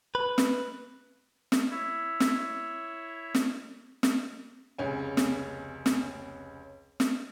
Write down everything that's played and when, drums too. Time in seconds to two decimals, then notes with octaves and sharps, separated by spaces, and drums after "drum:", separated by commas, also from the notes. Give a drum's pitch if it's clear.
0.15 B4
0.38 drum: snare
1.52 drum: snare
1.71 E4 C#5 E5
2.20 drum: snare
3.35 drum: snare
4.03 drum: snare
4.78 F1 C#2 C#4 G#5
5.17 drum: snare
5.86 drum: snare
7.00 drum: snare